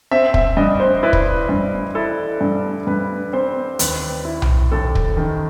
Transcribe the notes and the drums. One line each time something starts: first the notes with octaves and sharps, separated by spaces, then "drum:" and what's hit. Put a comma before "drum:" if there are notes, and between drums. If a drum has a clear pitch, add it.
C4 E5
E5, drum: kick
G2 D#5
C5
E4 B4
drum: kick
G2
E4 A4
G2
G2 B4
C4 C5
D#2 B4, drum: hi-hat
E4
drum: tom B1
D#2 A4
drum: kick
D#3